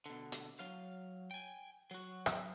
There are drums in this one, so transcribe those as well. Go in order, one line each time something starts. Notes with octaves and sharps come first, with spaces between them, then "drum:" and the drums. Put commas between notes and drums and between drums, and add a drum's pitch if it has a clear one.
B2 D3
drum: hi-hat
F#3 F5
G5 G#5
F#3 F#4
drum: rim click